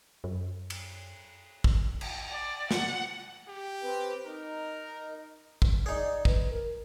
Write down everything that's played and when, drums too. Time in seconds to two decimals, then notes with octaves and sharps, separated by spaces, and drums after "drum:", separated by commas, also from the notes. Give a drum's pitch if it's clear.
0.24 F#2
0.70 drum: cymbal
1.64 drum: kick
2.01 drum: cymbal
2.30 D5
2.71 F#5, drum: snare
3.49 G4
3.83 C4 B4
4.26 D#4 A#4
5.62 drum: kick
5.86 D#4 G#4 D5
6.25 B4, drum: kick
6.51 A#4